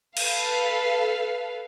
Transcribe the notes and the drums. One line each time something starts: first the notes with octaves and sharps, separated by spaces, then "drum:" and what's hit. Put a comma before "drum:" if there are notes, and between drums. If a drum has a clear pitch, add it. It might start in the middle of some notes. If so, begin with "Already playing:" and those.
A4 B4 F5, drum: cymbal